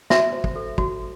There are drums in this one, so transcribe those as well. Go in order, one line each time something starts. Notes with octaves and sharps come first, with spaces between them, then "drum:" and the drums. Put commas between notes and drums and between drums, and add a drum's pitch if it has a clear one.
F#4 E5, drum: snare
C5
drum: kick
A4
F#4, drum: kick